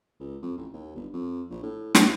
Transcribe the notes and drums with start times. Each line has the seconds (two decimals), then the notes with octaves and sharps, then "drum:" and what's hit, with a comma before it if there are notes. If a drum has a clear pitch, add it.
0.20 C#2
0.42 F2
0.57 A1
0.73 D#2
0.95 G1
1.13 F2
1.50 A#1
1.63 A2
1.95 A#1, drum: snare